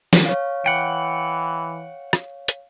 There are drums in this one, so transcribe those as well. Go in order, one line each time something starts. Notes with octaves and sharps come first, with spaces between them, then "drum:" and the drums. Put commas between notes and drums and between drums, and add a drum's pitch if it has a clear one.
drum: snare
C#5 F5
E3 F#5 G5
drum: rim click
drum: hi-hat